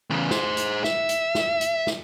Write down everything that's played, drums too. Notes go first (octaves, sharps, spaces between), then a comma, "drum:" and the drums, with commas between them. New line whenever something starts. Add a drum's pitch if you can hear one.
E2 C#3
G#4 C5, drum: snare
drum: hi-hat
E5, drum: snare
drum: hi-hat
drum: snare
drum: hi-hat
drum: snare